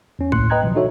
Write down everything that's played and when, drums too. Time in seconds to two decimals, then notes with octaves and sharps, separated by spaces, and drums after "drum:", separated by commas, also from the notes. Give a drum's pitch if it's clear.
0.19 E2 C#4
0.32 D2 A2 A#3 C6 F#6 C#7, drum: kick A#1
0.50 B4 D#5 G5 A#5 F#6 G#6
0.63 B2 D#3 F3 F#3
0.75 D4 D#4 F#4 A4 C#5 E5